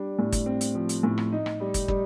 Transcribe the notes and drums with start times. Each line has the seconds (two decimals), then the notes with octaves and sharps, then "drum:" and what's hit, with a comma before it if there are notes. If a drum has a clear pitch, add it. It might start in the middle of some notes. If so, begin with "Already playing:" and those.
Already playing: G3 D4
0.19 A2
0.33 drum: kick, hi-hat
0.46 C4
0.61 drum: hi-hat
0.75 F3
0.89 drum: hi-hat
1.03 A2
1.18 drum: rim click
1.32 D#4
1.46 drum: rim click
1.60 G3
1.74 drum: kick, hi-hat
1.88 G3, drum: kick